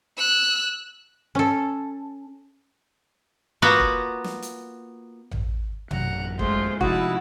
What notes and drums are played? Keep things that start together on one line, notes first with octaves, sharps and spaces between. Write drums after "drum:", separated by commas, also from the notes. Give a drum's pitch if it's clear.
E6 F#6
C#4 A4
A#3 B3 F4 F#4
drum: kick
drum: snare
drum: hi-hat
drum: tom A1
A1 F#2 F#5 A#5, drum: tom B2
G#3 A3 F4 C5, drum: kick
C3 F3 D#4 E4 F#4 A5, drum: kick